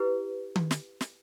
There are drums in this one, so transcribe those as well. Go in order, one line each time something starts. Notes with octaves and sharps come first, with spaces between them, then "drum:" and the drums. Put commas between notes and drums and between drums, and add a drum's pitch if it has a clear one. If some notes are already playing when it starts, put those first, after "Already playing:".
Already playing: E4 G4 B4
drum: tom D#3
drum: snare
drum: snare